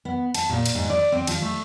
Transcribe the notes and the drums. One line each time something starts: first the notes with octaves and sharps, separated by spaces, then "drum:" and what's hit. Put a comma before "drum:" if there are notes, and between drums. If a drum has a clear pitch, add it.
B3
A5, drum: cymbal
A#2
drum: cymbal
G#2
D5
C4
F3, drum: cymbal
A3